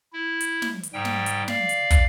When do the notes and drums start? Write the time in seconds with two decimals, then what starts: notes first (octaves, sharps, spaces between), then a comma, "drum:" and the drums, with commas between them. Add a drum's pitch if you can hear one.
0.13 E4
0.41 drum: hi-hat
0.62 drum: snare
0.83 drum: hi-hat
0.93 G#2 G3 G5
1.05 drum: snare
1.26 drum: hi-hat
1.48 D5 F5, drum: snare
1.69 drum: hi-hat
1.90 drum: kick, hi-hat